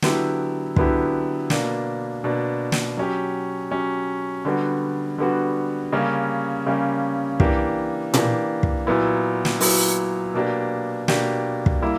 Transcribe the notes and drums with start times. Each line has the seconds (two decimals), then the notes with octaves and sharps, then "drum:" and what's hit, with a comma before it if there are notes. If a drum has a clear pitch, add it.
0.02 D3 F#3 B3 E4 G4, drum: snare
0.76 D3 F#3 B3 E4 G4, drum: kick
1.50 B2 A#3 D4, drum: snare
2.24 B2 A#3 D4
2.72 drum: snare
2.97 F#3 C#4 G4
3.71 F#3 C#4 G4
4.45 D3 G3 B3 F#4
5.18 D3 G3 B3 F#4
5.92 C#3 G3 A#3 C#4
6.66 C#3 G3 A#3 C#4
7.40 E3 A#3 D4 G4, drum: kick
8.14 E3 A#3 D4 G4, drum: tom A#2
8.63 drum: kick
8.87 A#2 F#3 B3 E4
9.45 drum: snare
9.61 A#2 F#3 B3 E4, drum: open hi-hat
10.34 B2 A#3 D4 G4
11.08 B2 A#3 D4 G4, drum: snare
11.66 drum: kick
11.82 G3 A#3 E4